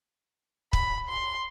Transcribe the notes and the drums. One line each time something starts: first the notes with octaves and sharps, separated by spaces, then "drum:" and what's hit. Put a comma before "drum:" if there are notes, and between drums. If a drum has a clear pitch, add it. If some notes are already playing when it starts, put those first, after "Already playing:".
B5, drum: kick
C6